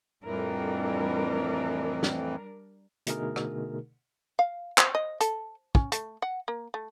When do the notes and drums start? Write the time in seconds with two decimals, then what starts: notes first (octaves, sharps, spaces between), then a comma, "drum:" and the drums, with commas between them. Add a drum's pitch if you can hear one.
0.24 F2 A2 E3 G3 D4 A#4
2.03 drum: snare
3.07 B2 D3 A3 D#4 G#4 A#4, drum: hi-hat
3.36 drum: rim click
4.39 F5
4.78 C5, drum: clap
4.95 D#5
5.21 A4, drum: hi-hat
5.75 C#4, drum: kick
5.92 A3, drum: hi-hat
6.22 F#5
6.48 A#3
6.74 A3